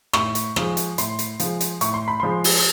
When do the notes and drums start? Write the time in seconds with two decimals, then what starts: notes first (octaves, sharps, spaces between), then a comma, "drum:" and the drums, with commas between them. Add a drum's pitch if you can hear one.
0.13 A2 C#6, drum: rim click
0.35 drum: hi-hat
0.56 F3 G#3, drum: rim click
0.77 drum: hi-hat
0.98 A2 C6, drum: hi-hat
1.19 drum: hi-hat
1.40 F3 G#3, drum: hi-hat
1.61 drum: hi-hat
1.81 A2 C#6, drum: hi-hat
1.94 C6
2.08 B5
2.20 F3 G#3 C6
2.44 drum: open hi-hat